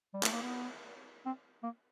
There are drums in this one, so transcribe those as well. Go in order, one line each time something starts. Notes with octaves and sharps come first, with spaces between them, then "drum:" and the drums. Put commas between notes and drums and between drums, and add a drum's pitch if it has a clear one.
G3
A3, drum: clap
A#3
B3
C4
A#3